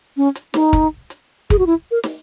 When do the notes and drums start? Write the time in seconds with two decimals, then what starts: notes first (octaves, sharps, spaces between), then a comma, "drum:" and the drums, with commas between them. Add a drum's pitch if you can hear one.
0.17 C#4
0.35 drum: hi-hat
0.54 D#4, drum: snare
0.73 drum: kick, hi-hat
1.10 drum: hi-hat
1.50 G#4, drum: kick, hi-hat
1.59 F#4
1.66 E4
1.91 A#4
2.04 drum: snare